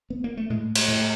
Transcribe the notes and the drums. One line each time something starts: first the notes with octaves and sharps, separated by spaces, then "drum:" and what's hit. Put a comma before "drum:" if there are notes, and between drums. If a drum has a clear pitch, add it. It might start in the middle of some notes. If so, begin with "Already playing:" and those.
B3
A#3
A3
A2 G#3
drum: cymbal
A2